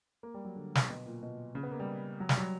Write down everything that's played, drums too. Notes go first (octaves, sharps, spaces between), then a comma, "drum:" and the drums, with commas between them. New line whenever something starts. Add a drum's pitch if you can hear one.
A#3
G3
F#3
D3
drum: snare
B2
A#2
B2
C#3
B3
A#3
G3
F#3
G3, drum: snare
F#3